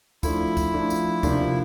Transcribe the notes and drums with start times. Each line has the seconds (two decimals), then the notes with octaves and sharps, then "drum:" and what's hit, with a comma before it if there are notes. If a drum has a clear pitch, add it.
0.23 F3 A3 D4 E4, drum: kick, tambourine
0.57 drum: kick, tambourine
0.74 F3 A3 D4
0.90 drum: tambourine
1.23 C3 F3 A#3 D4 G4, drum: kick, tambourine